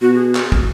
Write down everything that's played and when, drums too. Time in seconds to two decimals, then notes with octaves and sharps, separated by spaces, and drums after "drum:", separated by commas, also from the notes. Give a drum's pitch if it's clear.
0.02 B2 F#4
0.15 G#4
0.35 drum: clap
0.52 drum: kick